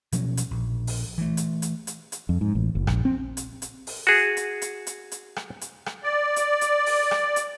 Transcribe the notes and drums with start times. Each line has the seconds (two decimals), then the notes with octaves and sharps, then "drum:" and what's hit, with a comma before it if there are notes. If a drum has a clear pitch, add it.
0.12 B2 F3 F#3 C#4, drum: hi-hat
0.37 drum: hi-hat
0.51 A#1
0.87 drum: open hi-hat
1.18 E3 A3
1.37 drum: hi-hat
1.62 drum: hi-hat
1.87 drum: hi-hat
2.12 drum: hi-hat
2.29 F2
2.41 G#2
2.55 A1
2.75 F#1
2.87 A#1, drum: rim click
3.05 C4
3.37 drum: hi-hat
3.62 drum: hi-hat
3.87 drum: open hi-hat
4.07 F#4 G#4
4.37 drum: hi-hat
4.62 drum: hi-hat
4.87 drum: hi-hat
5.12 drum: hi-hat
5.36 drum: rim click
5.61 drum: hi-hat
5.86 drum: rim click
6.03 D5
6.36 drum: hi-hat
6.61 drum: hi-hat
6.86 drum: open hi-hat
7.11 drum: rim click
7.36 drum: hi-hat